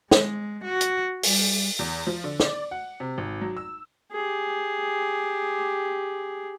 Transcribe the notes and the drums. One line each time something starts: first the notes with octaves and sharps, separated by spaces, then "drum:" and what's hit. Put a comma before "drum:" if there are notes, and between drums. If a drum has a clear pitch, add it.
G#3, drum: snare
F#4
drum: hi-hat
G3, drum: open hi-hat
E2
F3
D3
D5, drum: snare
F#5
C3
G#1
F#3
E6
G4 G#4